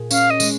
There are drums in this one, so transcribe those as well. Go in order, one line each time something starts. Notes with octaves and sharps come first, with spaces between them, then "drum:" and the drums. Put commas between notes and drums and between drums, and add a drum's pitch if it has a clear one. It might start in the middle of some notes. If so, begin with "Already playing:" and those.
Already playing: A#2 G#4
C#4 F5, drum: tambourine
D#5
G#3, drum: tambourine